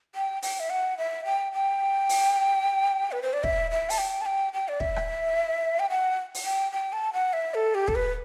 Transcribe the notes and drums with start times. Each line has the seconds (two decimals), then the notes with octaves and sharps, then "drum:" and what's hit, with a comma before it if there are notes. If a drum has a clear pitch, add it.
0.15 G5
0.42 G5, drum: open hi-hat
0.60 E5
0.70 F#5
0.98 E5
1.25 G5
1.53 G5
2.09 drum: open hi-hat
3.12 B4
3.22 C5
3.33 D5
3.44 E5, drum: kick
3.71 E5
3.90 A5, drum: open hi-hat
3.98 G5
4.21 A5
4.26 G5
4.53 G5
4.68 D5
4.80 E5, drum: kick
4.96 drum: rim click
5.79 G5
5.90 F#5
6.34 drum: open hi-hat
6.45 G5
6.72 G5
6.93 A5
7.13 F#5
7.33 E5
7.54 A4
7.75 G4
7.88 A4, drum: kick
7.95 B4